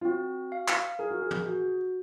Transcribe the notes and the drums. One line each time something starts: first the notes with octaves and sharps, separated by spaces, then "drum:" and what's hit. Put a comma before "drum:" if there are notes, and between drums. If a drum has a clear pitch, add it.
F4
C4 F#4
F5
drum: clap
G#4 A#4
F#4
G#4
drum: tom
F#4